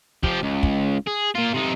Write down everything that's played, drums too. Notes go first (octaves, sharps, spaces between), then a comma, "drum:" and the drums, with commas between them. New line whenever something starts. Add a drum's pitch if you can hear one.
F3 G4, drum: kick
C#2
drum: kick
G#4
A#2 F4
C3 D#4